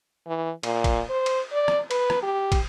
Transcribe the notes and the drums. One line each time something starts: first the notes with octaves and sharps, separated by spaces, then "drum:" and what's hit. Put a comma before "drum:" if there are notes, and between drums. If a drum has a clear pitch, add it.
E3
A#2, drum: cymbal
drum: kick, cymbal
C5
drum: cymbal
D5
drum: rim click
B4, drum: cymbal
drum: rim click
G4
drum: kick, cymbal